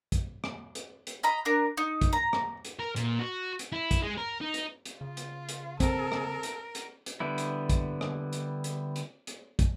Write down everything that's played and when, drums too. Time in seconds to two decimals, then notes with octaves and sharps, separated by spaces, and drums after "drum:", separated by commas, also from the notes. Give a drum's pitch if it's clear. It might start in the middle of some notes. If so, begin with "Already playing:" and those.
0.12 drum: kick, hi-hat
0.44 drum: rim click
0.75 drum: hi-hat
1.07 drum: hi-hat
1.23 D#5 A#5 B5
1.45 D4 A#4
1.77 D#4
2.01 drum: kick, hi-hat
2.13 A#5
2.33 drum: rim click
2.65 drum: hi-hat
2.79 A#4
2.96 A#2, drum: hi-hat
3.19 F#4
3.59 drum: hi-hat
3.72 E4
3.91 drum: kick, hi-hat
4.03 G#3
4.17 A#4
4.41 D#4
4.54 drum: hi-hat
4.85 drum: hi-hat
5.01 C#3 F4
5.17 drum: hi-hat
5.49 drum: hi-hat
5.80 C4 A4 A#4, drum: kick, hi-hat
6.12 drum: rim click
6.43 drum: hi-hat
6.75 drum: hi-hat
7.06 drum: hi-hat
7.20 D3 G3 B3 E4
7.38 drum: hi-hat
7.70 drum: kick, hi-hat
8.01 drum: rim click
8.33 drum: hi-hat
8.64 drum: hi-hat
8.96 drum: hi-hat
9.27 drum: hi-hat
9.59 drum: kick, hi-hat